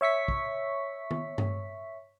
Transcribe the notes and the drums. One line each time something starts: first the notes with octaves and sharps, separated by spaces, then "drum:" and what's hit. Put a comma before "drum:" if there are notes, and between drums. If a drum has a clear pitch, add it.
C#5 E5 C#6 B6
drum: kick
drum: tom D#3
drum: tom G2